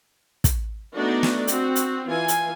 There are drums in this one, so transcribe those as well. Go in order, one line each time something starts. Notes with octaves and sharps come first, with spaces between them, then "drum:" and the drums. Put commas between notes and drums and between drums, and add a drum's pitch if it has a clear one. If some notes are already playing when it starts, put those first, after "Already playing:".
drum: kick, hi-hat
A3 B3 D4 D#4 F#4 D5
drum: snare
C4 F#4, drum: hi-hat
drum: hi-hat
E3 F4 G#5
drum: hi-hat